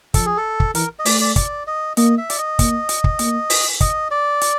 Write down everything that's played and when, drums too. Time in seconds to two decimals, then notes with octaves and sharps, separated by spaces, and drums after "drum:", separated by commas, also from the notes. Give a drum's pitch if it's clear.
0.14 F3 A4, drum: kick, hi-hat
0.26 G#4
0.37 A4
0.60 drum: kick
0.75 E3 A#4, drum: hi-hat
0.99 D#5
1.06 A3 D5, drum: open hi-hat
1.21 D5
1.36 D5, drum: kick, hi-hat
1.67 D#5
1.97 A#3 D#5, drum: hi-hat
2.18 E5
2.30 D5, drum: hi-hat
2.38 D#5
2.59 A#3, drum: kick, hi-hat
2.89 drum: hi-hat
3.04 drum: kick
3.19 A#3, drum: hi-hat
3.50 drum: open hi-hat
3.81 D#5, drum: kick, hi-hat
4.11 D5
4.41 drum: hi-hat